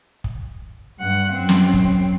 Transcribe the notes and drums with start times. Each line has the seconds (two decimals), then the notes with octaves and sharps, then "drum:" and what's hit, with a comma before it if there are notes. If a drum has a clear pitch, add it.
0.24 drum: kick
0.99 G2 F#5
1.33 F#2 C4
1.49 drum: snare
1.74 drum: kick